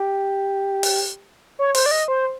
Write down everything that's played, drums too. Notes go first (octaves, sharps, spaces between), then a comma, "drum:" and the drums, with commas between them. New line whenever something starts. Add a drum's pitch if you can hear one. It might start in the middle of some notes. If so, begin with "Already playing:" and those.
Already playing: G4
drum: open hi-hat
C#5
C5, drum: open hi-hat
D5
D#5
C5